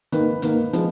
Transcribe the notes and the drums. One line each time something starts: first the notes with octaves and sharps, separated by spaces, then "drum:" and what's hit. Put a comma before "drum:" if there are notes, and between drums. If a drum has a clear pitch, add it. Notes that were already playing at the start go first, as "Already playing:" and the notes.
G#2 D#3 A#3 B4, drum: hi-hat
G#2 D#3 A#3 B4, drum: hi-hat
F3 G#3, drum: hi-hat